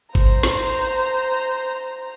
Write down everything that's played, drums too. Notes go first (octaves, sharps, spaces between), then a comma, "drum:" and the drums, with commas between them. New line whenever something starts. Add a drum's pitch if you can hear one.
C5 A#5, drum: kick G1
drum: snare